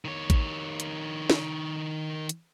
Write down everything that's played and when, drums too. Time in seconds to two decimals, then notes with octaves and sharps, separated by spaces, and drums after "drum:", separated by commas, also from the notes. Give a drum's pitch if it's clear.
0.05 D#3 C#5
0.30 drum: kick A1, hi-hat
0.80 drum: hi-hat
1.30 drum: snare
2.29 drum: hi-hat